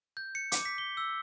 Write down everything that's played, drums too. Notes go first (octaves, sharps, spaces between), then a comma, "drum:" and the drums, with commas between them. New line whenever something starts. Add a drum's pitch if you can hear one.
G6
C#7
D6, drum: hi-hat
B6
G7
E6